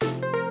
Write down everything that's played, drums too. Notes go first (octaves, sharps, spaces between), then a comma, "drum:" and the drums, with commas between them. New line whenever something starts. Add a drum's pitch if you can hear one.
C3 F3 A3 A4, drum: snare
C5
A#4